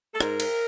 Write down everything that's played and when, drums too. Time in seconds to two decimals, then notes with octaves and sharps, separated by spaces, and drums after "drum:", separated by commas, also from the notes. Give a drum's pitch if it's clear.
0.14 A4
0.20 G#2 A#4, drum: rim click
0.40 drum: cymbal